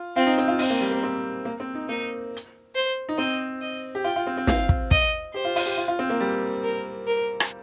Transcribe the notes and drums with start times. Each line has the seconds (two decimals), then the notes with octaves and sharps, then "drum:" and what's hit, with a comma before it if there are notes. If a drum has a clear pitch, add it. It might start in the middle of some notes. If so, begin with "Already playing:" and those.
Already playing: F4
0.16 C4 F4
0.26 D#4
0.38 C4, drum: hi-hat
0.48 F4
0.59 C4 D#4, drum: open hi-hat
0.70 A#3
0.81 G3
0.91 A#3
1.03 C4
1.45 A#3
1.60 C4
1.75 D#4
1.89 A#3 D#4
2.37 drum: hi-hat
2.75 C5
3.09 D#4
3.18 C4 D#5
3.61 D#5
3.95 G4
4.04 F4 G5
4.16 F4
4.27 C4
4.37 C4
4.47 F4 F5, drum: snare
4.69 drum: kick
4.91 D#5, drum: kick
5.34 G4 C5
5.45 F4
5.56 F4, drum: open hi-hat
5.66 G4
5.77 F4
5.88 F4
5.99 C4
6.10 A#3
6.20 G3
6.64 A#4
7.07 A#4
7.40 drum: rim click